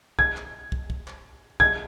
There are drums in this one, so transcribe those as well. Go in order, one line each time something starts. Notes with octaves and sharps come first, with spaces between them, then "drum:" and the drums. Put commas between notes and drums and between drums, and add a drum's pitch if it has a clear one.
G#6, drum: kick
drum: clap
drum: kick
drum: kick
drum: clap
G#6, drum: kick